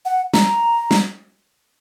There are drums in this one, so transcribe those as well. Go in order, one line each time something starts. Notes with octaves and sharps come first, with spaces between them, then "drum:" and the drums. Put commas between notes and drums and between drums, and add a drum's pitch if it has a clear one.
F#5
A#5, drum: snare
drum: snare